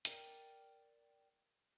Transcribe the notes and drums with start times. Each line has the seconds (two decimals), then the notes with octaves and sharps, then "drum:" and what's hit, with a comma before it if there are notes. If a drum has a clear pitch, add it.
0.05 A#4 D5 G5, drum: hi-hat